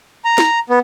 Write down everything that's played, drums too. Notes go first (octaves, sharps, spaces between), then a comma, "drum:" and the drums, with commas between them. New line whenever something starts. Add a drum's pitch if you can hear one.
A#5
drum: snare
B3